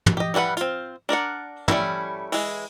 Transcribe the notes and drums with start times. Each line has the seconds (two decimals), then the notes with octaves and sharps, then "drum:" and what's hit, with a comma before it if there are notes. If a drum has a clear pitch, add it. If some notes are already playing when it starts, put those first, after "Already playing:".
0.06 drum: tom
0.17 G4 D#5
0.34 E3 G3 F#4 B4 F#5
0.57 C4 F4, drum: hi-hat
1.09 D4 A#4 D5 F#5
1.68 G3 A3 C4 C#4 E4, drum: tom
2.32 E3 G#3, drum: open hi-hat